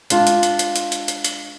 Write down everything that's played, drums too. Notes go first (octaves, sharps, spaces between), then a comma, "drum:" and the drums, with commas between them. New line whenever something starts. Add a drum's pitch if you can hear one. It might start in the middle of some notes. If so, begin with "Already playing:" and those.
G#3 D4 F4, drum: hi-hat
drum: hi-hat
drum: hi-hat
drum: hi-hat
drum: hi-hat
drum: hi-hat
drum: hi-hat
drum: hi-hat